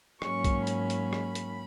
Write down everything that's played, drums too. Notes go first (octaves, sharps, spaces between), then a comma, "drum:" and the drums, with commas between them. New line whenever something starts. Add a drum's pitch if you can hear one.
G#2 F#3 A#3 C#4 C#6, drum: rim click
drum: kick B1, hi-hat
B5, drum: hi-hat
drum: hi-hat
drum: rim click
drum: hi-hat